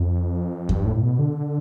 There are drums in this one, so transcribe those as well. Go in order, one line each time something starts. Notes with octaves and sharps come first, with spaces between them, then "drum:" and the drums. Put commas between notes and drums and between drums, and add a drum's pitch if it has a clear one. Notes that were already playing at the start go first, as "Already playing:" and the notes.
Already playing: F2
G2, drum: kick E2
A2
A2
B2
D3